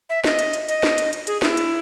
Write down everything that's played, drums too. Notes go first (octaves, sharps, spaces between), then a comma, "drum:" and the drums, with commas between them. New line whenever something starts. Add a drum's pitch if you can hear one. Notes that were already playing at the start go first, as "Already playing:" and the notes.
E5
D#5, drum: snare
drum: hi-hat
drum: hi-hat
D#5, drum: hi-hat
drum: snare
drum: hi-hat
drum: hi-hat
G#4, drum: hi-hat
E4, drum: snare
drum: hi-hat